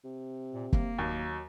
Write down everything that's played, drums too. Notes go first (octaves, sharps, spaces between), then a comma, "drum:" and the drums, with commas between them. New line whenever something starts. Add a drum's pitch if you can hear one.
C3
A#2
A#3, drum: kick
D#2 F#3